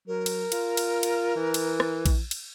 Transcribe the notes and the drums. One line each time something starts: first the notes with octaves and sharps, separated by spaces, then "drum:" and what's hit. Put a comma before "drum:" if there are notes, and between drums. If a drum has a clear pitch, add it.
F#3 A#4
drum: cymbal
F4, drum: cymbal
drum: cymbal
drum: cymbal
E3
drum: cymbal
drum: rim click
drum: kick A#1, cymbal
drum: cymbal